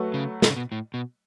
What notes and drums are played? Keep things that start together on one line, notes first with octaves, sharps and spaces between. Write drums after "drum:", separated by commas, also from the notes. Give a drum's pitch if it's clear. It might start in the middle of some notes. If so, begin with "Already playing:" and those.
Already playing: F#3 A3 F#4 B4
C#3
B2, drum: snare
C#3
B2
A2
B2